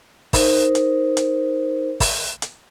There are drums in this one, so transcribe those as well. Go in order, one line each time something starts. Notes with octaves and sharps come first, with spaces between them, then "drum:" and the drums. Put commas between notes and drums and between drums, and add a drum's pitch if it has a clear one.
D#4 A#4 C5, drum: kick, open hi-hat
drum: hi-hat
drum: hi-hat
drum: kick, open hi-hat
drum: hi-hat